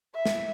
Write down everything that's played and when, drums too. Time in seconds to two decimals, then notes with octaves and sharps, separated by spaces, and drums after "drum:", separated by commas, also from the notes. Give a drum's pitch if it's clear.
0.15 E5
0.25 drum: snare